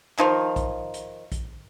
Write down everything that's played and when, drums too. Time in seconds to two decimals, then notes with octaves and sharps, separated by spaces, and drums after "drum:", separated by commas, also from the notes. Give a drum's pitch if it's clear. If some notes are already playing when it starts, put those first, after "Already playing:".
0.19 D#3 F3, drum: clap
0.56 drum: kick, hi-hat
0.94 drum: hi-hat
1.32 drum: kick, hi-hat